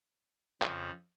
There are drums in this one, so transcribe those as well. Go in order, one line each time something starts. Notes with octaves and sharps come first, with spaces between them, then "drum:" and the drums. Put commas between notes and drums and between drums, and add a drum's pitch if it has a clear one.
F2 C#3 F3, drum: clap